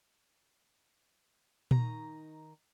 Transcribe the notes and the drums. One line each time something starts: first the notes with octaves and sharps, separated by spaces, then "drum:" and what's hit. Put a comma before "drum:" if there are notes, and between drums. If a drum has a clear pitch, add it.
D#3 D#4 A#5, drum: tom A#2